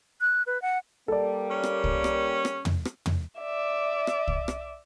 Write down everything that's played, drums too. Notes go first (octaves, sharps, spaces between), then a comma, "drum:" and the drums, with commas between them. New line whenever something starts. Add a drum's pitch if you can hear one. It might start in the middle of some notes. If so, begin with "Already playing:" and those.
F#6
B4
F#5
G3 A#3 A4 D5
C#4
drum: rim click
drum: kick C2
drum: rim click
drum: rim click
drum: tom
drum: rim click
drum: tom
D5 E5
drum: rim click
drum: kick C2
drum: rim click